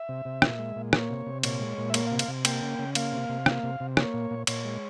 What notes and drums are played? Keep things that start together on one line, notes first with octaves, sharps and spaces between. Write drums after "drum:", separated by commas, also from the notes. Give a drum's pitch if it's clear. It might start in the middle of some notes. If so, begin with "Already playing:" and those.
Already playing: E5
C3
C3
A#2, drum: rim click
G#3
A#2
A#3 C#5, drum: rim click
C3
C3
A#2 C#5, drum: cymbal
G#3
A#2
E5
A#3 C#5, drum: cymbal
F5
C3
F5, drum: cymbal
C3
A#3 G5, drum: cymbal
C#3
C#3
A#3 F5, drum: cymbal
C3
C3
A#3, drum: rim click
C3
C3
A#3 C#5, drum: rim click
A#2
A#2
A#2 C#5, drum: cymbal
G#3